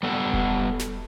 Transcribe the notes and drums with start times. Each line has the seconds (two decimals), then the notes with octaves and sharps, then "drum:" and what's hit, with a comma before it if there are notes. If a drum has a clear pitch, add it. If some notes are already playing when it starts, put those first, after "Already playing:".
0.03 G3 B3 A4
0.33 drum: kick E1
0.79 drum: snare